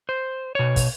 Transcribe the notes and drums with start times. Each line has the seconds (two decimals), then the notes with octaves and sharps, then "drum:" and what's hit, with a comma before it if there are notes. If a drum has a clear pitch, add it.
0.09 C5
0.55 B2 C#5
0.76 drum: kick, open hi-hat